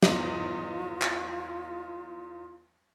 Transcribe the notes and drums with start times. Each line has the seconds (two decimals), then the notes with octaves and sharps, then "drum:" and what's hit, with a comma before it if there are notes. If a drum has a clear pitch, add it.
0.03 E2 F4 D#5 F#7, drum: snare
1.02 drum: clap